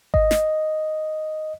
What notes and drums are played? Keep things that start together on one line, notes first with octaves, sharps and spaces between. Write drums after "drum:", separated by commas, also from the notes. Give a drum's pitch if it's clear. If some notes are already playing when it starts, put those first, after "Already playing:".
D#5, drum: kick G#1
drum: snare